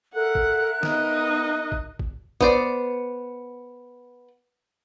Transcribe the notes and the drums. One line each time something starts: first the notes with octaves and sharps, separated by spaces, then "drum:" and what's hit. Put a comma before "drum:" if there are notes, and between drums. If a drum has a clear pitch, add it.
A4 A#4 E5 F#5 F#6
drum: kick
B3 D#4 D#5, drum: snare
drum: kick
drum: kick
B3 C5 D5, drum: kick